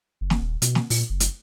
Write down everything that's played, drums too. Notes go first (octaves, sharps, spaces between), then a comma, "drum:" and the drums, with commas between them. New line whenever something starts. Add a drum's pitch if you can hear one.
F#1
drum: snare
D#1
B2, drum: hi-hat
drum: snare
A#2, drum: open hi-hat
F#1
drum: hi-hat